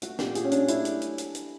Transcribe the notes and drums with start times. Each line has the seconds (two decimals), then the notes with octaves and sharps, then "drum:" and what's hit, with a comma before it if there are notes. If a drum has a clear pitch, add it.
0.02 A3 F#4, drum: hi-hat
0.19 A#2 G4, drum: snare
0.35 A#2 G#4, drum: hi-hat
0.44 C#4
0.52 F#3 D4, drum: hi-hat
0.68 A3 E4, drum: hi-hat
0.85 drum: hi-hat
1.02 drum: hi-hat
1.18 drum: hi-hat
1.35 drum: hi-hat